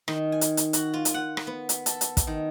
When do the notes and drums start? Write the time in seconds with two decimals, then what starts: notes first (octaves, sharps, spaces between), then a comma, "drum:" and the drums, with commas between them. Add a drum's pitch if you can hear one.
0.08 D#3, drum: rim click
0.32 G#5
0.41 drum: hi-hat
0.57 drum: hi-hat
0.73 F#4, drum: hi-hat
0.94 F4
1.05 drum: hi-hat
1.14 F#5
1.37 drum: rim click
1.47 B3
1.69 drum: hi-hat
1.86 A4, drum: hi-hat
2.01 drum: hi-hat
2.17 drum: kick, hi-hat
2.27 D#3